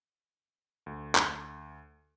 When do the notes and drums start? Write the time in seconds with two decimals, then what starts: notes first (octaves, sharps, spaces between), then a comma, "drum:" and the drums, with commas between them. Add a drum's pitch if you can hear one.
0.86 D2
1.15 drum: clap